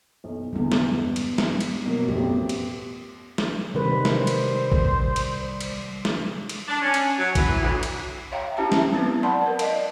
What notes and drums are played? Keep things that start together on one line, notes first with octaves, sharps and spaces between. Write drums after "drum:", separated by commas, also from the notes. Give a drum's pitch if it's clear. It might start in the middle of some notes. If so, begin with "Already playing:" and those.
B1
E2 D3 E3 G3 B3
drum: snare
G2
drum: cymbal
drum: snare
drum: cymbal
B2 F#3 A#3
A1 F2 B3 G4
drum: cymbal
drum: snare
C3 D#3 G3 B4 C5
drum: snare
drum: cymbal
drum: kick
drum: cymbal
drum: cymbal
drum: snare
drum: cymbal
D4
C#4
drum: cymbal
F#3
E3, drum: kick, cymbal
D2
drum: cymbal
C#5 E5 F5 G5 A#5
C#4 E4 G4 E5 A5 A#5
drum: snare
F#3 B3 C4 E4 B4
D5 F#5 A5 B5 C6
A#4 B4
D5 D#5 F5, drum: cymbal